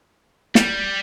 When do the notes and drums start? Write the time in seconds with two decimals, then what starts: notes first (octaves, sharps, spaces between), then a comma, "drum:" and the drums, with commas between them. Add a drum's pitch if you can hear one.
0.55 G3, drum: snare